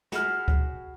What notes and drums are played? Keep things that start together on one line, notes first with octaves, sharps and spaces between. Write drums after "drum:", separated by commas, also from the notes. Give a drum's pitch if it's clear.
F#4 G#4 B5 F6, drum: snare
drum: kick